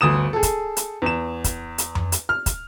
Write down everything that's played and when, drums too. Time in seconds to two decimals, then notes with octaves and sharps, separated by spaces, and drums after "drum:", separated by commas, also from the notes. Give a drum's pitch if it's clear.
0.01 G1 D2 D#6 E7
0.33 G#4 A4
0.43 drum: kick, hi-hat
0.77 drum: hi-hat
1.02 E2 E7
1.44 drum: kick, hi-hat
1.78 drum: hi-hat
1.95 drum: tom F2
2.12 drum: hi-hat
2.29 F6
2.46 drum: kick, hi-hat